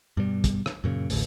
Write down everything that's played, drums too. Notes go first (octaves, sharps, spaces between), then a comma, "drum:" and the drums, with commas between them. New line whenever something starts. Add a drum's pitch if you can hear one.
G2 B2 G3
drum: kick, hi-hat
drum: rim click
F#2 A#2 C#3
A1 D2 A2, drum: open hi-hat